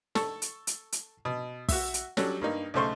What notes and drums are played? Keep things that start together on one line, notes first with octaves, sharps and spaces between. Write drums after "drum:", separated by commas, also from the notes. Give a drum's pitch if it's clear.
A4 A5 C#6, drum: snare
drum: hi-hat
drum: hi-hat
drum: hi-hat
B2
F#4 E5, drum: kick, open hi-hat
drum: hi-hat
F#3 G3 C#4 D4 A4, drum: snare
G2 A#3 D#4
B1 C#3 A3 C5 C6 C#6